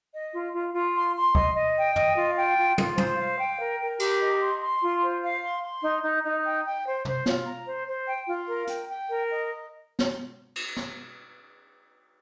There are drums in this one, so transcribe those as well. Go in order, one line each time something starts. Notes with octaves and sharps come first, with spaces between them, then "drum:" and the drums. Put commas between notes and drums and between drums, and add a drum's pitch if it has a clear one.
D#5
F4
F4
F4
C6
C6
D#5, drum: kick
D#5
G5
D#5, drum: tom
F4
G5
F4
F4, drum: tom
C5, drum: tom
F5
G5
A#4
A#4
G4, drum: cymbal
D#5
C6
C6
F4
C5
F5
C6
C6
D#4
D#4
D#4
G5
G5
C5
C5, drum: tom
F4, drum: snare
A#5
C5
C5
G5
F4
A#4
G5, drum: hi-hat
G5
A#4
D#5
drum: snare
drum: cymbal
drum: snare